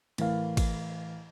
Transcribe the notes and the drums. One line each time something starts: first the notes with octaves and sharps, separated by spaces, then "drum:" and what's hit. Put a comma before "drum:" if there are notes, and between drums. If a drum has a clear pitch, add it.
A2 E3 A#4 F5, drum: cymbal
drum: kick, cymbal